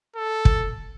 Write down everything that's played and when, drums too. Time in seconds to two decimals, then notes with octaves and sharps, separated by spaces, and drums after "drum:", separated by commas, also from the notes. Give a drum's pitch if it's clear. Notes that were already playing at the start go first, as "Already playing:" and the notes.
0.16 A4
0.45 drum: kick